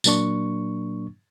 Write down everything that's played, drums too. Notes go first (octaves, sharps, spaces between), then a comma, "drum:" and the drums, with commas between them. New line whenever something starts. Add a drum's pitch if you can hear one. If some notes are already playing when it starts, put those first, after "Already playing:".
A#2 F#3 A#3 D4 C#6, drum: tambourine